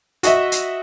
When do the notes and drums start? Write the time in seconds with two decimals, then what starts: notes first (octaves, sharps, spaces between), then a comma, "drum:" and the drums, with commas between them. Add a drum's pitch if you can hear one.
0.23 F#4 D#5 E5, drum: hi-hat
0.52 drum: hi-hat